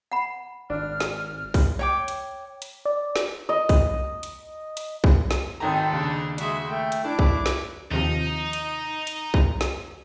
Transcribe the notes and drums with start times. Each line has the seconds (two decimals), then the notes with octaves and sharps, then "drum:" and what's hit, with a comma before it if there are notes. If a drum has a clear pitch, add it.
0.12 F#5 B5
0.70 G#1 D4 F6
1.00 drum: snare
1.54 drum: kick B1, open hi-hat
1.79 C#5 G5 D6
2.08 drum: hi-hat
2.62 drum: hi-hat
2.85 D5
3.16 drum: snare
3.49 D#5
3.69 drum: kick B1, open hi-hat
4.23 drum: hi-hat
4.77 drum: hi-hat
5.04 drum: kick B1
5.31 drum: snare
5.60 G#1 D#3 C4 A4 G#5 A#5
5.91 D#2 C#3 D4 D#4
6.38 G#3 F#4 E5, drum: hi-hat
6.68 A3 G5
6.92 drum: hi-hat
7.04 A3 D4 E4 D6
7.19 drum: kick B1
7.46 drum: snare
7.91 D#2 C3 F3 D#4
8.53 drum: hi-hat
9.07 drum: hi-hat
9.34 drum: kick B1
9.61 drum: snare